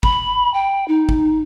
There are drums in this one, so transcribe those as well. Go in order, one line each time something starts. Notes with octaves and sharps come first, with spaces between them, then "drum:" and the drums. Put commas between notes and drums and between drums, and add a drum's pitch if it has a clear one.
B5, drum: kick G1
G5
D#4
drum: kick G1